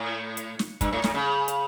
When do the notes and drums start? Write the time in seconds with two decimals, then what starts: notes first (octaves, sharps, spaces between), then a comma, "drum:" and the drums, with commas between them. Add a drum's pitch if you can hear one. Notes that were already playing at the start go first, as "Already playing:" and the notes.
Already playing: A2
0.37 drum: hi-hat
0.59 drum: snare
0.81 G2, drum: kick, hi-hat
0.93 A2
1.04 A2, drum: snare
1.14 C#3
1.48 drum: hi-hat